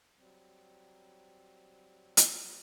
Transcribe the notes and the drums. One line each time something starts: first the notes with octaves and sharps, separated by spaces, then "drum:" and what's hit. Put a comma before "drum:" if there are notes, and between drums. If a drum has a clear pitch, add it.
F#3 G3 C4
drum: hi-hat